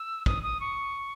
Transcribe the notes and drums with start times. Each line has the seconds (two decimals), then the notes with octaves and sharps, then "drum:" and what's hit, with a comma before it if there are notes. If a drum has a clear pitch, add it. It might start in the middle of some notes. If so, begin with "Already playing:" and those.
Already playing: E6
0.26 D#6, drum: kick
0.43 D#6
0.60 C#6